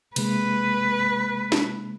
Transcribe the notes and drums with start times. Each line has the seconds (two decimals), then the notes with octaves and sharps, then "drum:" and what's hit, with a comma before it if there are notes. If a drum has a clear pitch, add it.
0.16 C3 G#3 A#3 B4, drum: cymbal
1.52 drum: snare